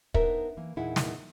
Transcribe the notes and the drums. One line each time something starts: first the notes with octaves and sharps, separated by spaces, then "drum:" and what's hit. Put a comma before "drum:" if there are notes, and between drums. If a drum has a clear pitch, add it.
B3 D4 D#4 A#4 C5 E5, drum: kick
E3 A#3
E2 A#2 D#4 E4 G#4 F#5
drum: snare